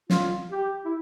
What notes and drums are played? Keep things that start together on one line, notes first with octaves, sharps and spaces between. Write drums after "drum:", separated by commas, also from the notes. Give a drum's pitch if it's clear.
F4, drum: snare
G4
E4